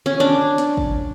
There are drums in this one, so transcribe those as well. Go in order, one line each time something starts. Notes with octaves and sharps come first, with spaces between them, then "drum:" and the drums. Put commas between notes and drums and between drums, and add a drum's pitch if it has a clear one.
C#4
D4
drum: snare
drum: kick